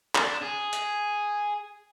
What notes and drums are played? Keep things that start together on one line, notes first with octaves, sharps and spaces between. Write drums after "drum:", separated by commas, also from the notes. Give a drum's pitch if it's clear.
D4, drum: clap
G#4
drum: hi-hat